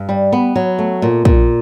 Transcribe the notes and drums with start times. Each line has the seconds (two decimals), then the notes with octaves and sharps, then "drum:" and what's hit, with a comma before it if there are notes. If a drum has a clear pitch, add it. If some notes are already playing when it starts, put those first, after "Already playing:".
Already playing: G2
0.09 G3
0.33 B3
0.56 F#3
0.79 A3
1.02 A#2
1.25 A#2, drum: kick